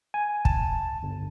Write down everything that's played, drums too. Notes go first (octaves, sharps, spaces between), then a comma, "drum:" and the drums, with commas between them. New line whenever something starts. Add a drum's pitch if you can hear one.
G#5
A5, drum: kick
G1